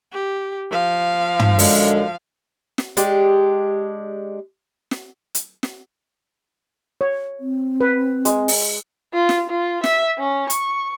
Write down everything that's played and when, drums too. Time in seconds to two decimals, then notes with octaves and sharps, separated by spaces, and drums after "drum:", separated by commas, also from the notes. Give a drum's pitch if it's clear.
0.12 G4
0.71 F3 F5
1.39 drum: tom
1.59 F#2 D3 G#3, drum: open hi-hat
2.78 drum: snare
2.97 G#3 D4 G4, drum: hi-hat
4.91 drum: snare
5.35 drum: hi-hat
5.63 drum: snare
7.01 C#5
7.40 C4
7.81 B4
8.25 G#3, drum: hi-hat
8.48 drum: open hi-hat
9.13 F4
9.29 drum: snare
9.50 F4
9.84 E5, drum: snare
10.19 C#4
10.50 C#6, drum: hi-hat